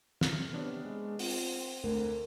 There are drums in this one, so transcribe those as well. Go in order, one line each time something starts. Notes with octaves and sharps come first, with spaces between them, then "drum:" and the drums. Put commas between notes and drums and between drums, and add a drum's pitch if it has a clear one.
G2 F6, drum: snare
C3 B3 D4 C#5
G#3
C4 F4, drum: open hi-hat
D2 D3 A3 A#4